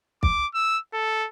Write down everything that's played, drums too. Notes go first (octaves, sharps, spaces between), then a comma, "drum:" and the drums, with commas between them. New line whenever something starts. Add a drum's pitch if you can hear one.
D6, drum: kick
E6
A4